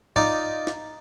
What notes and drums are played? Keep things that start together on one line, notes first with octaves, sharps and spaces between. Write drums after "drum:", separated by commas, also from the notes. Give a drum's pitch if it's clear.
D#4 F4 D5, drum: tom G#2
drum: snare